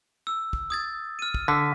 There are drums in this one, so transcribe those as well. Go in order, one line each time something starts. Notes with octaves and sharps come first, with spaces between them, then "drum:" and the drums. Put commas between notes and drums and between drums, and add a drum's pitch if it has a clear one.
E6
drum: kick
D#6 G#6 A6
F6 D#7
drum: kick
D3 B6